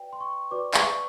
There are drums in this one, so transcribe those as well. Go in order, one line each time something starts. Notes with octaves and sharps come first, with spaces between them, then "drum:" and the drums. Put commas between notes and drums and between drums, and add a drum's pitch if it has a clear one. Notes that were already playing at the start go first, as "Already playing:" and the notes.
Already playing: F#4 B4 D5 G5
C6
C#6
F#4 B4 D5 D6
C#6, drum: clap